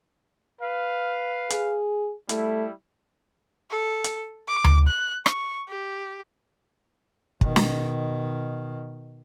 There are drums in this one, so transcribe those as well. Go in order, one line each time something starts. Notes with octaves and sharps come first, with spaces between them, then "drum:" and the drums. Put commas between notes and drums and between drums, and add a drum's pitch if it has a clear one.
B4 F5
G#4, drum: hi-hat
G3 A3 E4, drum: hi-hat
A4
drum: hi-hat
D6
drum: tom D2
F#6
C#6, drum: rim click
G4
B2 D#3, drum: kick
drum: snare